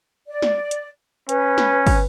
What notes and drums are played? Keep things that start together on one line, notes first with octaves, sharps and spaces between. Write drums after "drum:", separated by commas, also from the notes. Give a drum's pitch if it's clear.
D5
drum: snare
drum: hi-hat
C#4 B4, drum: hi-hat
drum: snare
drum: kick, open hi-hat